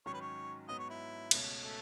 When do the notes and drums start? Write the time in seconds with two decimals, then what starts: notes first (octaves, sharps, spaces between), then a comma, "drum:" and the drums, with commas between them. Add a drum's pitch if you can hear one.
0.06 G#2 D#3 F#3 C#4 C#5
0.14 B4
0.21 C#5
0.68 G#2 F#3 B3 D#5
0.79 C#5
0.89 E4
1.31 C#2 B2 A3 C#4, drum: cymbal
1.63 A3